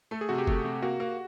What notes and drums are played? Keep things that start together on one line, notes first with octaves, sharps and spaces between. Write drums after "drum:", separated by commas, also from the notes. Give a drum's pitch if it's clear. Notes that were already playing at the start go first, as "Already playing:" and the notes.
A3 A4
G#4
C3 F#4
G4
A3, drum: kick F#1
C3
A#3 F#4
A#3